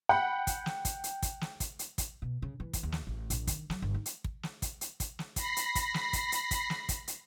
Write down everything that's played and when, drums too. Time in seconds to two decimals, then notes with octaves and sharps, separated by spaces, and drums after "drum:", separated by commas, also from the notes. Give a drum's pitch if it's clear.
0.09 F#5 G5 B5
0.47 drum: kick, hi-hat
0.66 drum: snare
0.85 drum: kick, hi-hat
1.04 drum: hi-hat
1.23 drum: kick, hi-hat
1.41 drum: snare
1.60 drum: kick, hi-hat
1.79 drum: hi-hat
1.98 drum: kick, hi-hat
2.22 B2
2.42 C#3
2.60 E3
2.73 drum: kick, hi-hat
2.83 D#2
2.92 drum: snare
3.07 A1
3.30 A#1, drum: hi-hat
3.47 D#3, drum: kick, hi-hat
3.70 F#3, drum: snare
3.82 G1
3.94 D#4
4.06 drum: hi-hat
4.24 drum: kick
4.43 drum: snare
4.62 drum: kick, hi-hat
4.81 drum: hi-hat
5.00 drum: kick, hi-hat
5.19 drum: snare
5.36 B5 A#6 C7, drum: kick, hi-hat
5.57 drum: hi-hat
5.75 drum: kick, hi-hat
5.94 drum: snare
6.13 drum: kick, hi-hat
6.32 drum: hi-hat
6.51 drum: kick, hi-hat
6.70 drum: snare
6.89 drum: kick, hi-hat
7.08 drum: hi-hat